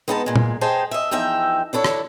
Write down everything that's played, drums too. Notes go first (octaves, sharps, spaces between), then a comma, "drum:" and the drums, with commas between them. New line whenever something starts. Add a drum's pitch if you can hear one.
G#3 B3 D#4 B4 G5 A5
A#2 G#3
drum: tom
G4 G#4 C5 D#5 G5 A5
D#5 E5
E2 F3 D#4 E5 G5
D4 E4 A4 C#5
drum: rim click